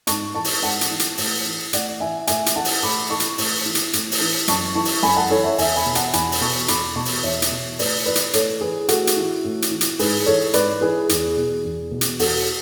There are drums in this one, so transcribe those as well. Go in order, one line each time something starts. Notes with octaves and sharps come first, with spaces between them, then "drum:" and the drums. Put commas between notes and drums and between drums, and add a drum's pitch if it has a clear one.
G#2 A5 C#6, drum: hi-hat
E3 A5 C#6
drum: open hi-hat
G#2 F#5 A5
drum: hi-hat
E3
drum: hi-hat
A2, drum: open hi-hat
E3
A2 D5 F#5, drum: hi-hat
E3 E5 G#5
A2 E5 G#5, drum: hi-hat
drum: hi-hat
E3 F#5 A5
drum: open hi-hat
A2 B5 D6
E3 A5 C#6
drum: hi-hat
A2, drum: open hi-hat
E3
drum: hi-hat
A2, drum: hi-hat
drum: open hi-hat
E3
F#2 A5 C#6, drum: hi-hat
E3 A5 C#6
drum: open hi-hat
F#2 G#5 B5
F#5 A5
E3 A4 C#5
C#5 E5
E2 E5 G#5, drum: open hi-hat
G#5 B5
B2
F#5 A5, drum: hi-hat
E2 G#5 B5, drum: hi-hat
drum: open hi-hat
B2 A5 C#6
E2 B5 D6, drum: hi-hat
B2 A5 C#6
drum: open hi-hat
E2 C#5 E5
drum: hi-hat
B2
A2 B4 D5, drum: open hi-hat
E3 B4 D5
drum: hi-hat
A2 A4 C#5, drum: hi-hat
E3 G#4 B4
A2 F#4 A4, drum: hi-hat
drum: hi-hat
E3
A2
drum: hi-hat
E3
drum: hi-hat
G#2 G#4 B4, drum: open hi-hat
E3 A4 C#5
G#2 B4 D5, drum: hi-hat
E3 G#4 B4
E2 G#4, drum: hi-hat
B2
E2
B2
drum: hi-hat
E2 F#4 A4, drum: open hi-hat